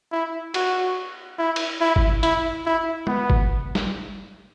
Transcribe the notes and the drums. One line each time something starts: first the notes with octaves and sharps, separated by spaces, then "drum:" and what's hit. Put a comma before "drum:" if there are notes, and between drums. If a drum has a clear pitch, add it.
E4
F#4, drum: cymbal
E4
drum: cymbal
E4
drum: kick G1
E4, drum: hi-hat
E4
B3, drum: tom
drum: kick G1
drum: snare